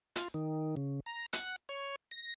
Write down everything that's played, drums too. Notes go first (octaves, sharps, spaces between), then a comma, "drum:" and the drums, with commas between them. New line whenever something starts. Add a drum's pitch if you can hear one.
F4, drum: hi-hat
D#3
C#3
A#5
F#5, drum: hi-hat
C#5
A#6